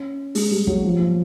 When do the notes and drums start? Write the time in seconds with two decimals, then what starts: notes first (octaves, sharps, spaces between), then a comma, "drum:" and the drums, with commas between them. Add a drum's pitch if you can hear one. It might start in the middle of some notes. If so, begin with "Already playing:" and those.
Already playing: C#4
0.35 G#3, drum: open hi-hat
0.51 G3
0.67 F#3, drum: kick
0.84 F3
1.00 F3